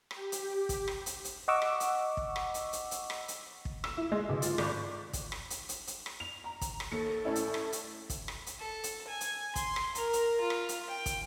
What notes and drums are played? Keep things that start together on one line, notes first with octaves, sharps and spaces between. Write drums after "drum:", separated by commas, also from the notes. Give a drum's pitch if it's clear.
G4, drum: rim click
drum: hi-hat
drum: kick, hi-hat
drum: rim click
drum: hi-hat
drum: hi-hat
D#5 F#5 C#6 D6 E6
drum: rim click
drum: hi-hat
drum: kick
drum: rim click
drum: hi-hat
drum: hi-hat
drum: hi-hat
drum: rim click
drum: hi-hat
drum: kick
E6, drum: rim click
E4
G#3
B1
F4, drum: hi-hat
G#1, drum: rim click
drum: kick, hi-hat
drum: rim click
drum: hi-hat
drum: hi-hat
drum: hi-hat
drum: rim click
F7
A#5
drum: kick, hi-hat
drum: rim click
D#2 A4 C#7
A2 C#4 E4
drum: hi-hat
drum: rim click
drum: hi-hat
drum: kick, hi-hat
drum: rim click
drum: hi-hat
A4
drum: hi-hat
G#5
drum: hi-hat
C6, drum: kick, hi-hat
drum: rim click
A#4, drum: hi-hat
drum: hi-hat
F4
drum: rim click
drum: hi-hat
G5
drum: kick, hi-hat